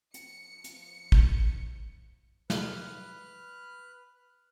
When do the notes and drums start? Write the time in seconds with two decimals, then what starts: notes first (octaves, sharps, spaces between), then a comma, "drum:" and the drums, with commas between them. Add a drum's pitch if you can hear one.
0.14 F3 C#7, drum: hi-hat
0.64 drum: hi-hat
1.12 drum: kick
2.50 B4 F6 F#6, drum: snare